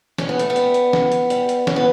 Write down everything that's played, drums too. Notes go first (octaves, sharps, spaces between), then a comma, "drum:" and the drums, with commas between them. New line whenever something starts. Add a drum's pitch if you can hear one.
A2 C#4, drum: snare
B3
A3, drum: hi-hat
B3
G3, drum: hi-hat
drum: hi-hat
A2, drum: snare
drum: hi-hat
G3, drum: hi-hat
drum: hi-hat
A2 C#4, drum: snare
B3